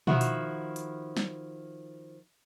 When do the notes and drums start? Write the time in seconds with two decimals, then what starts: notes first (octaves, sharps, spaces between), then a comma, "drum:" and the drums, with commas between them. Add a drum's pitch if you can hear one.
0.07 D#3 F3 E4 F#4, drum: tom B2
0.21 drum: hi-hat
0.76 drum: hi-hat
1.17 drum: snare